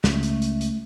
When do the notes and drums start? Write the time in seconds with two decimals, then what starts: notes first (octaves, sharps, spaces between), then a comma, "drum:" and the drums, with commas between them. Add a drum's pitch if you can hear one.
0.04 C#2 A3, drum: snare
0.23 drum: hi-hat
0.42 drum: hi-hat
0.61 drum: hi-hat